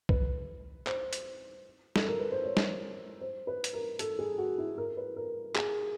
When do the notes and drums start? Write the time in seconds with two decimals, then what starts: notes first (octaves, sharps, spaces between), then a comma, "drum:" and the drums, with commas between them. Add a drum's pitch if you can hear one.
0.09 B4, drum: kick C2
0.87 C5, drum: clap
1.13 drum: hi-hat
1.96 A4, drum: snare
2.08 A#4
2.20 B4
2.32 C5
2.43 C#5
2.57 drum: snare
3.21 C5
3.47 B4
3.64 drum: hi-hat
3.73 A#4
3.99 A4, drum: hi-hat
4.19 G#4
4.38 F#4
4.58 E4
4.78 A#4
4.97 B4
5.16 A#4
5.55 G#4, drum: clap